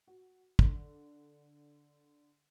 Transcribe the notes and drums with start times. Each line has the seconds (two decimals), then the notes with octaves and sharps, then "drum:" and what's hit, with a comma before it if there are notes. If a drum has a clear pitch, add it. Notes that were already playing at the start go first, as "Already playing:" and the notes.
0.07 F#4
0.59 D3, drum: kick